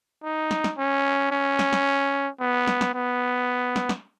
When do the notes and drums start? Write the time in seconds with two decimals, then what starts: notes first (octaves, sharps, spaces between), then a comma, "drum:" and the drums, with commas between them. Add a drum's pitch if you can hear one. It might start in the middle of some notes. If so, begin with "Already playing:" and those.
0.24 D#4
0.51 drum: snare
0.64 drum: snare
0.78 C#4
1.31 C#4
1.59 drum: snare
1.73 drum: snare
2.40 B3
2.67 drum: snare
2.81 drum: snare
2.94 B3
3.76 drum: snare
3.89 drum: snare